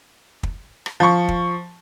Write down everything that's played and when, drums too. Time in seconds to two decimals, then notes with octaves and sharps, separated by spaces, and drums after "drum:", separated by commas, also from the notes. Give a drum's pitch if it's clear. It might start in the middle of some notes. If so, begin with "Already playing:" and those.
0.43 drum: kick
0.86 drum: rim click
1.00 F3 C#6
1.28 drum: kick